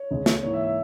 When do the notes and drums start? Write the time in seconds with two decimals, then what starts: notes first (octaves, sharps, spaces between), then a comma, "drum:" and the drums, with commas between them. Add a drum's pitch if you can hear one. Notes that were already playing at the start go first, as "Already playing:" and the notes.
Already playing: C#5
0.11 C#2 C#3 G#3
0.26 drum: snare
0.43 G#2 E3 A#3 C#5
0.53 E5
0.63 E5